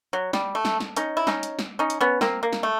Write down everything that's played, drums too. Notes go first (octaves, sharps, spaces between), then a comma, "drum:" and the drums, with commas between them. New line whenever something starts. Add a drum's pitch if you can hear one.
F#3
G3, drum: snare
A3
drum: snare
drum: snare
C#4 D#4, drum: hi-hat
E4
C#4 D#4, drum: snare
drum: hi-hat
drum: snare
C#4 D#4
drum: hi-hat
B3 C#4
A#3 C4, drum: snare
A#3
drum: snare
A3